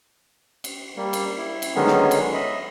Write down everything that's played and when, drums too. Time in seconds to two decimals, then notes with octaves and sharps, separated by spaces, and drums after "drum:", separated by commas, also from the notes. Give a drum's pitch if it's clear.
0.64 drum: cymbal
0.96 G3 A#3
1.13 drum: cymbal
1.38 E4
1.62 drum: cymbal
1.75 D3 D#3 F#3 G#3 B3 C#4
1.87 drum: snare
2.11 drum: cymbal
2.34 D#5 E5 B5